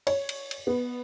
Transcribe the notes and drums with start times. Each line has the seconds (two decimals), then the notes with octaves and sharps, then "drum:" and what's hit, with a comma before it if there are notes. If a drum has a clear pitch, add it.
0.07 C#5, drum: cymbal
0.29 drum: cymbal
0.51 drum: cymbal
0.67 B3